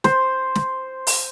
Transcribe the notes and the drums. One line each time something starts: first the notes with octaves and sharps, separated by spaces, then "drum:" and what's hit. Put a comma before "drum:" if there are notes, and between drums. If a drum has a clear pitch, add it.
C5, drum: snare
drum: snare
drum: open hi-hat